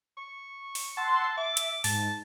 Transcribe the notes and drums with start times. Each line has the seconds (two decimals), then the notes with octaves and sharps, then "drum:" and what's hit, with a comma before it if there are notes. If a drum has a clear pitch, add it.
0.17 C#6
0.75 drum: open hi-hat
0.97 F#5 A5 C6 E6
1.37 E5 D6
1.57 drum: hi-hat
1.84 G#2 A5, drum: open hi-hat